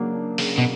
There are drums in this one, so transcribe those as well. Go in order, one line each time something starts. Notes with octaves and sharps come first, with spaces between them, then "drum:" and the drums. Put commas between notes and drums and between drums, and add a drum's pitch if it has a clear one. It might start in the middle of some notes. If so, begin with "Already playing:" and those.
Already playing: C#3 F#3 A#3 D4
D4
C#3, drum: open hi-hat
B2